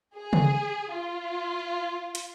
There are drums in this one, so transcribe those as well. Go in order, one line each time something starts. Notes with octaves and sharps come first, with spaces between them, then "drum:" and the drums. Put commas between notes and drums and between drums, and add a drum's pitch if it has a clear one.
G#4
drum: tom C#3
F4
drum: hi-hat